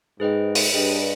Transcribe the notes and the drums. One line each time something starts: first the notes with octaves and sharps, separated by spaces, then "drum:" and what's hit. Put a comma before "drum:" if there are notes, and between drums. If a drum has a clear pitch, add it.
G#2 G#4 B4 D#5 G5
drum: open hi-hat
G2 G#4 B4 D#5 G5